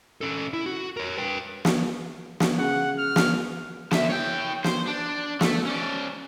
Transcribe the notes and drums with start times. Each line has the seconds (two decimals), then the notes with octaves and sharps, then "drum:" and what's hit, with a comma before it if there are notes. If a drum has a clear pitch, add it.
0.21 C#4 A4
0.53 E4
0.66 F#4
0.97 A#4 C#5
1.18 B4 G5
1.65 drum: snare
2.40 drum: snare
2.59 C#3 F#5
2.98 F6
3.16 drum: snare
3.91 D3 E5, drum: snare
4.10 C#5 G5
4.64 C5, drum: snare
4.87 D4
5.41 A3, drum: snare
5.66 C#4 D5